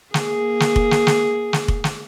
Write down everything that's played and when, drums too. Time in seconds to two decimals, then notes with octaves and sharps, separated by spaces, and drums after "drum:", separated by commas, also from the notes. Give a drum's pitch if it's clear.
0.14 A#3 G#4, drum: snare
0.60 drum: snare
0.76 drum: kick F1
0.91 drum: snare
1.07 drum: snare
1.53 drum: snare
1.68 drum: kick F1
1.84 drum: snare